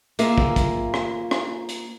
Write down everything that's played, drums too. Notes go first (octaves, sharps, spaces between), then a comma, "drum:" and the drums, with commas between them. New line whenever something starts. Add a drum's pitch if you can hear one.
A#3 F4 G#4 E5 F5, drum: hi-hat
drum: kick
drum: kick, hi-hat
drum: rim click
drum: rim click
drum: hi-hat